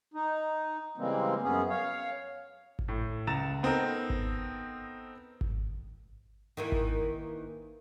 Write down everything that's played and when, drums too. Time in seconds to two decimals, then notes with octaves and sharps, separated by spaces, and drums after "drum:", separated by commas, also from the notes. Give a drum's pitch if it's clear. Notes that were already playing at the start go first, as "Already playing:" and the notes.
0.14 D#4
0.98 C#3 E3 G3 G#3 A#3 C4
1.43 F#2 B3 C#4 G#4
1.70 C#5 F5
2.79 drum: kick G#1
2.88 A2
3.27 C#2 A#5 A6 E7
3.63 B3 C4 D#4 A4 A#4
4.10 drum: kick G#1
5.41 drum: kick G#1
6.57 D#3 E3 A#3
6.72 drum: kick G#1